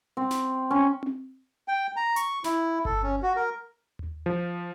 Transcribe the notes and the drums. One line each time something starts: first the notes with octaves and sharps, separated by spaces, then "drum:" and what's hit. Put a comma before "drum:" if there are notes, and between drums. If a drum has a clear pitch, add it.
C4
drum: snare
C#4
drum: tom C4
G5
A#5
C#6, drum: hi-hat
E4, drum: snare
A4, drum: kick G1
C#4
F#4
A#4
drum: tom D#2
F3